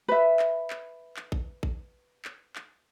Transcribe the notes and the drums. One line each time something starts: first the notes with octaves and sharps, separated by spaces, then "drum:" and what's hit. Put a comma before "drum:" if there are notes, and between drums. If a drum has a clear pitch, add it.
B4 E5
drum: clap
drum: clap
drum: clap
drum: kick A1
drum: kick A1
drum: clap
drum: clap